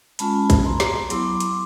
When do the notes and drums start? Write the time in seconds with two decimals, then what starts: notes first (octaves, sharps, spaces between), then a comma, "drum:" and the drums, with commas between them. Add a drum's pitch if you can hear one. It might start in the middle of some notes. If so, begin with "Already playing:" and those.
0.19 G#3 C#4 F4 A5 B5, drum: hi-hat
0.50 drum: kick, hi-hat
0.65 A#5 C6
0.80 drum: snare
1.10 F#3 B3 E4 C6 D6, drum: hi-hat
1.40 drum: hi-hat